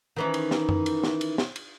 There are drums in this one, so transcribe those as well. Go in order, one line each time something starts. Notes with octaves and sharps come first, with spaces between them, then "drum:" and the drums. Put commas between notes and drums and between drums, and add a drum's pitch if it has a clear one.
D#3 E3 C#4
drum: cymbal
drum: snare
drum: tom F#2
drum: cymbal
drum: snare
drum: cymbal
drum: snare
drum: cymbal